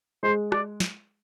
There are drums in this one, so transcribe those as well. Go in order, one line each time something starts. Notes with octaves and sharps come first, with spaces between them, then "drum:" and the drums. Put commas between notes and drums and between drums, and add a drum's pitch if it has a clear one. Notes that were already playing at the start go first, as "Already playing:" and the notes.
G#3 C5
D5, drum: rim click
drum: snare